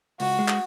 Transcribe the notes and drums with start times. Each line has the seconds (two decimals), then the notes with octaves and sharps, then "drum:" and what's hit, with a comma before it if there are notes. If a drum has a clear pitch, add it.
0.20 C#2 F#4, drum: open hi-hat
0.39 G#3
0.48 drum: clap